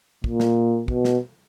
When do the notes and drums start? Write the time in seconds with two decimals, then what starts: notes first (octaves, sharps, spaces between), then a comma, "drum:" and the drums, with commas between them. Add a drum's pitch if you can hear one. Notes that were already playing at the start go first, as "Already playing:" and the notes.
0.24 A#2, drum: kick
0.40 drum: snare
0.88 B2, drum: kick
1.05 drum: snare